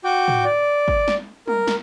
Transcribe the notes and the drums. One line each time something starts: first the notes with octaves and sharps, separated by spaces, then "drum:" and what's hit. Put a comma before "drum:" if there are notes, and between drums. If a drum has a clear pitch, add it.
F#4 G5 D6
drum: tom
D5
drum: kick
drum: snare
A#4, drum: tom
drum: snare